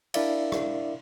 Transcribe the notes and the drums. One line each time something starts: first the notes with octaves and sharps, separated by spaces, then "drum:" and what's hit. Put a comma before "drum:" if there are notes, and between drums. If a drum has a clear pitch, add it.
D4 E4 A#4 D5 E5 F5, drum: cymbal
drum: rim click